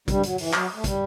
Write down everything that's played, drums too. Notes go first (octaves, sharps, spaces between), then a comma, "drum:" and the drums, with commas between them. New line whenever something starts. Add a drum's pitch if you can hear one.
G2 G3, drum: kick, hi-hat
F#3, drum: hi-hat
E3, drum: open hi-hat
F#3, drum: clap
A3
G3, drum: kick, hi-hat